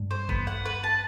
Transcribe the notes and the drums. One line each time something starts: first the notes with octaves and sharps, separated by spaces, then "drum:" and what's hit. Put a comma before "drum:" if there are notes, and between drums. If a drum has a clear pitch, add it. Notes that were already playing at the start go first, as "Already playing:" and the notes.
Already playing: G2
C5
B3, drum: kick
F#5
B4
A5